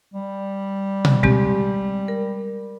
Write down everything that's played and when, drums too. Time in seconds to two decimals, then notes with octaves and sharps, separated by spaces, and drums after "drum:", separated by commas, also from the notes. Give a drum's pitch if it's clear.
0.14 G3
1.05 drum: tom B2
1.23 G#3 C4 G4, drum: kick
2.08 A#4